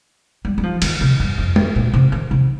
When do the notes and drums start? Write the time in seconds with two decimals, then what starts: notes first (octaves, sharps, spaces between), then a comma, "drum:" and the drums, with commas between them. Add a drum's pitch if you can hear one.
0.45 G3
0.58 G3
0.63 F3
0.82 D#3, drum: cymbal
1.01 C3
1.20 G2
1.38 F2
1.56 drum: tom G#3
1.76 A#2
1.94 C3
2.12 D#3
2.31 C3